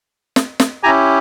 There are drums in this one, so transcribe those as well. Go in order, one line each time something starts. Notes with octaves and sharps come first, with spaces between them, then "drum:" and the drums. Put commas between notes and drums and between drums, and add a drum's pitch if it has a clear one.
drum: snare
drum: snare
C#4 E4 G4 G#5 A#5